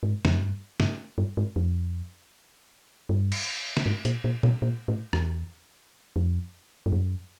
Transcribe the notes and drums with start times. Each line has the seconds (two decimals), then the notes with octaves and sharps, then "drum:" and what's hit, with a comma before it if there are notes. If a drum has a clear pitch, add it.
0.03 G#2
0.25 F2, drum: snare
0.33 F#2
0.41 G2
0.80 G2, drum: snare
1.18 G2
1.37 G#2
1.56 F2
3.09 G2
3.32 drum: cymbal
3.77 drum: snare
3.86 G#2
4.05 A#2, drum: hi-hat
4.24 A#2
4.43 B2, drum: tom
4.62 A#2
4.88 A2
5.13 E2, drum: rim click
6.16 F2
6.86 G2
6.92 F#2